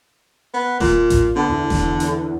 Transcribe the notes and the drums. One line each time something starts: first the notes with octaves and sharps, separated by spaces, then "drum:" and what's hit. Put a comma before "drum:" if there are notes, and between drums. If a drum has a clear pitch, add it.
B3
A#2, drum: snare D#1
drum: kick A1, hi-hat
D3 B3
E2
drum: snare D#1
drum: hi-hat